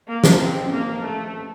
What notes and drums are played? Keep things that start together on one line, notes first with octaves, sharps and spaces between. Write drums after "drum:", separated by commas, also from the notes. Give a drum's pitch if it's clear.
A#3
drum: snare
C4
A#3
A3